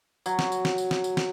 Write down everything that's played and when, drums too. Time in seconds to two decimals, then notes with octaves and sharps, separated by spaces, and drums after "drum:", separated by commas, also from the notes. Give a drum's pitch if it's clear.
0.26 F#3, drum: tambourine
0.39 drum: snare
0.52 drum: tambourine
0.65 drum: snare
0.78 drum: tambourine
0.91 drum: snare
1.04 drum: tambourine
1.17 drum: snare